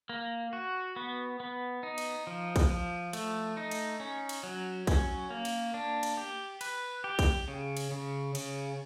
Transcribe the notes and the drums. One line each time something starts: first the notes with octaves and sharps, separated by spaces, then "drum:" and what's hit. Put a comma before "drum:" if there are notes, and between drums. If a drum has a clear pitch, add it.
A#3
F#4
B3
B3
D#4
drum: cymbal
F3
drum: kick, cymbal
F3
A3, drum: cymbal
D#4
drum: cymbal
C#4
drum: cymbal
F#3
C#4, drum: kick, cymbal
A#3
drum: cymbal
D4
drum: cymbal
G4
B4, drum: cymbal
G4
drum: kick, cymbal
C#3
drum: cymbal
C#3
C#3, drum: cymbal